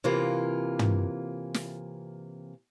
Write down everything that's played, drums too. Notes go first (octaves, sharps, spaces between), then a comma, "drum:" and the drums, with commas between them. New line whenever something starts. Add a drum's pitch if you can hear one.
C3 E3 A#3 F4
drum: tom
drum: snare